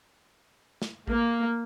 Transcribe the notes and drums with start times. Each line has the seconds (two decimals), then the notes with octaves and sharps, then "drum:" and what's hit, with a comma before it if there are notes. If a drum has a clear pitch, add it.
0.82 drum: snare
1.08 A#3, drum: kick A1